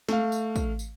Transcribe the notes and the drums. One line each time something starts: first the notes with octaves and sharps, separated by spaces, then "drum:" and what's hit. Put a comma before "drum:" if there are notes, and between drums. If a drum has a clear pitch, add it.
A3 F5, drum: snare
drum: tambourine
drum: kick, tambourine
drum: tambourine